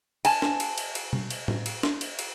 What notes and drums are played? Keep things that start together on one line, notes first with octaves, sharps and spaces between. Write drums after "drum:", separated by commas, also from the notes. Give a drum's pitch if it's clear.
G#5 A5, drum: cymbal
drum: snare
drum: cymbal
drum: cymbal
drum: cymbal
drum: tom B2
drum: cymbal
drum: tom A2
drum: cymbal
drum: snare
drum: cymbal
drum: cymbal